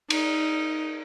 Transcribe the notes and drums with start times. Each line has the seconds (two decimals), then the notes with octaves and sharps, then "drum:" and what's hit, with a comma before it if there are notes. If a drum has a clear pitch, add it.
0.10 D#4, drum: cymbal